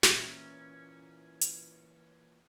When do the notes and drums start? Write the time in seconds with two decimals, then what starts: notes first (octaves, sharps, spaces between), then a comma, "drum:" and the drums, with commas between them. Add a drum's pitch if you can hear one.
0.03 A#2 E3 C#4, drum: snare
1.41 drum: hi-hat